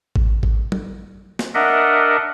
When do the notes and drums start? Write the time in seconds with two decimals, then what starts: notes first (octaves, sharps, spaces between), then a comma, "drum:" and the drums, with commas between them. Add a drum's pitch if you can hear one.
0.16 drum: kick
0.43 drum: kick
0.72 drum: tom
1.39 drum: snare
1.55 D4 A#4 D#5 E5 F#5